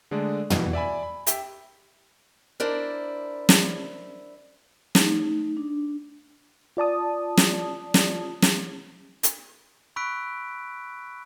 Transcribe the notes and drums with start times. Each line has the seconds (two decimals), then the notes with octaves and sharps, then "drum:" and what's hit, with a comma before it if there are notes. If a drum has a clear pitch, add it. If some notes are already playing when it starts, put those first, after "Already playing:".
0.11 D3 G#3 A3 G#4 D5
0.50 B2 E3 G3, drum: tom
0.73 D5 E5 G#5 B5
1.03 B5
1.27 G4 E5 G5, drum: hi-hat
2.60 D4 E4 A#4 C5 D5
3.49 drum: snare
4.95 A3 D#4, drum: snare
5.57 D4
6.77 F4 D5 A5 D#6
7.37 drum: snare
7.94 drum: snare
8.42 drum: snare
9.23 drum: hi-hat
9.96 B5 C#6 E6 F#6 B6 D7